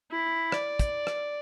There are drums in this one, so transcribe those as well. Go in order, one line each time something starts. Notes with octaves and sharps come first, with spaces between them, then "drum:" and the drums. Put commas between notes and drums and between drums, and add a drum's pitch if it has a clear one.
E4
D5, drum: rim click
drum: kick, hi-hat
drum: rim click